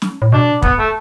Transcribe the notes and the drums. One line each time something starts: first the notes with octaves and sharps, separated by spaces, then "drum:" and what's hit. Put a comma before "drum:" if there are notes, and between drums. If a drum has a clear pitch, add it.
drum: snare
A2
B2 D4
B3, drum: kick
A3